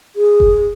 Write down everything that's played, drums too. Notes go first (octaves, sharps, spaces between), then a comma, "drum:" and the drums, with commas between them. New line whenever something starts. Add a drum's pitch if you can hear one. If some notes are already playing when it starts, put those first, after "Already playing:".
G#4
drum: kick F#1